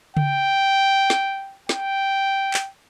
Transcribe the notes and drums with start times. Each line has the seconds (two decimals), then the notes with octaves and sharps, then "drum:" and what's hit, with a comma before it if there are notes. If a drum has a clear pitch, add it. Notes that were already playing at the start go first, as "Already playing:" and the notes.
0.17 G5, drum: tom C#3
1.10 drum: snare
1.69 G5, drum: snare
2.54 drum: clap